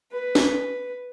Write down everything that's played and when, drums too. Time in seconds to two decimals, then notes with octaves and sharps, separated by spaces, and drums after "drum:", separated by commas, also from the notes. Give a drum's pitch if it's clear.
0.12 B4
0.35 drum: snare D4